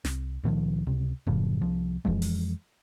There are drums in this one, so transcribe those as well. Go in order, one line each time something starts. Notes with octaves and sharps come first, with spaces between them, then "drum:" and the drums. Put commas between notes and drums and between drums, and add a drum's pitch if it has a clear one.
C2, drum: snare
C#2 A#2 D#3 F3
C#2 C3
F#2 A2 C#3 F3, drum: kick D#1
C2 F3
F2 E3 F3 G#3, drum: kick D#1
drum: open hi-hat